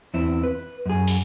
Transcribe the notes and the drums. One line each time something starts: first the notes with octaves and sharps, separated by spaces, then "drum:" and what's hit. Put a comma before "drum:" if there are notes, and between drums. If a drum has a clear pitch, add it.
E2 C4 E4
B4
F#2 G#4
drum: open hi-hat